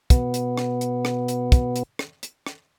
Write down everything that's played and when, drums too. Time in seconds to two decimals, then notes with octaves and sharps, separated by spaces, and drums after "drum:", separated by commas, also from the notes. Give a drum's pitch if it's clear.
0.10 B2 B3, drum: kick, hi-hat
0.34 drum: hi-hat
0.58 drum: rim click
0.81 drum: hi-hat
1.05 drum: rim click
1.28 drum: hi-hat
1.52 drum: kick, hi-hat
1.76 drum: hi-hat
1.99 drum: rim click
2.23 drum: hi-hat
2.46 drum: rim click